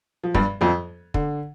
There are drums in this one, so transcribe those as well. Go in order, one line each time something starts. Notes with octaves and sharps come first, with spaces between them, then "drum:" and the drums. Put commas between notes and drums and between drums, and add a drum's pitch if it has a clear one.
F3
G2 G3, drum: kick
F2 F3
D3, drum: kick